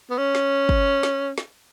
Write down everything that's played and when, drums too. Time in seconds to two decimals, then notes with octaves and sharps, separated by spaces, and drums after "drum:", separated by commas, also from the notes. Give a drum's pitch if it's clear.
0.10 B3
0.18 C#4
0.35 drum: snare
0.69 drum: kick
1.03 drum: snare
1.38 drum: snare